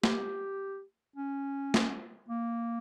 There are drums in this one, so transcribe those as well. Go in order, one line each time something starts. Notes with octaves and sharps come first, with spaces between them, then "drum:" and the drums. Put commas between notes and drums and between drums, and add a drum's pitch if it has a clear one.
G4, drum: snare
C#4
drum: snare
A#3